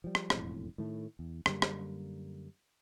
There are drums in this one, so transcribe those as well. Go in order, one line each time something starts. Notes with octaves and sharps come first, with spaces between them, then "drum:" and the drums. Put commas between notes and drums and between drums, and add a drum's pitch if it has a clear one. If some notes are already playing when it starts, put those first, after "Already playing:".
F3 G3
drum: rim click
E1 F2 A2, drum: rim click
A2 D#3 A3
E2
F#2 D3 G3 A#3, drum: rim click
drum: rim click